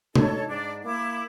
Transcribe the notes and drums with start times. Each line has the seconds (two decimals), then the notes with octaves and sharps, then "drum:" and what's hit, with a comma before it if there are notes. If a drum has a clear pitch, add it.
0.15 D#4 A4 C#5, drum: tom C3
0.49 G#2 D4 D5
0.84 A#3 E4 D6